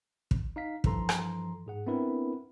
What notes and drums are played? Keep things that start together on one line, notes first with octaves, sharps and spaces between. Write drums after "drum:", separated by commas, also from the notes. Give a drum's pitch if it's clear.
drum: kick
D#4 F5 B6
G2 E3 F3 A4 A#5 C6, drum: kick
drum: rim click
G#2 G#4 F#5
B3 C4 D4 E4 A#4 B4